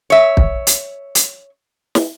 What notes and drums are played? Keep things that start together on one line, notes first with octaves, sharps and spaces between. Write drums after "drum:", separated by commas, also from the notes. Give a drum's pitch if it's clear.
C#5 E5
drum: kick
drum: hi-hat
drum: hi-hat
drum: snare